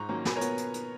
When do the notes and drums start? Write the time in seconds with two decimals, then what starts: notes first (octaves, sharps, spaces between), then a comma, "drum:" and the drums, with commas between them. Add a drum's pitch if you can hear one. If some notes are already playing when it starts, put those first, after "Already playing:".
Already playing: G#2 A#5 C#6
0.09 D#3 F#3 A#3 C#4
0.25 B2 G#5 B5, drum: snare
0.36 A#4 C#5
0.41 B3, drum: hi-hat
0.58 drum: hi-hat
0.74 drum: hi-hat